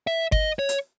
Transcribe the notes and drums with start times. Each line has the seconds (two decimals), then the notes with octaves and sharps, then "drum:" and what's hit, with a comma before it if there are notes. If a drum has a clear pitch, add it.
0.07 E5
0.32 D#5, drum: kick G1
0.59 C#5
0.69 drum: hi-hat